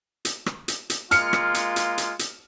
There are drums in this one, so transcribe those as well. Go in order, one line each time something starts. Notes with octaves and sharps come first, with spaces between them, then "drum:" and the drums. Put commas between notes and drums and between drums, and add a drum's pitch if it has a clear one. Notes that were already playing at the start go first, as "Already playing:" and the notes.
drum: hi-hat
drum: rim click
drum: hi-hat
drum: hi-hat
G#3 A#3 F4 F6 C#7, drum: hi-hat
drum: rim click
drum: hi-hat
drum: hi-hat
drum: hi-hat
drum: hi-hat